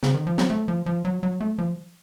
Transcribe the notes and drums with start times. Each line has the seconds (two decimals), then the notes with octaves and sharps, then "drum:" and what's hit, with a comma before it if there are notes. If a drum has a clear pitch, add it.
0.03 C#3, drum: snare
0.14 D#3
0.27 F3
0.38 F#3, drum: snare
0.50 A3
0.68 F3
0.86 F3
1.05 F#3
1.23 F#3
1.41 A3
1.58 F3